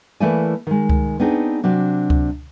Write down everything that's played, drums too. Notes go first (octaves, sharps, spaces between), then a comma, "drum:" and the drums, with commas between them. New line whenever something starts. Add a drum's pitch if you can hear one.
E3 A3 A#3 E4 D5 G#5
D#3 G#3
drum: kick C#2
B3 C4 D4 D#4 G#4
C3 F#3 D4
drum: kick C#2